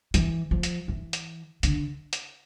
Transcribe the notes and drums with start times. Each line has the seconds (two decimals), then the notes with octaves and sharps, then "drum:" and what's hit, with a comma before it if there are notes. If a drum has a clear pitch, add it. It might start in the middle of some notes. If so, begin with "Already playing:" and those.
0.14 E3, drum: hi-hat
0.51 F3
0.63 drum: hi-hat
0.88 E3
1.13 drum: hi-hat
1.63 D3, drum: hi-hat
2.13 drum: hi-hat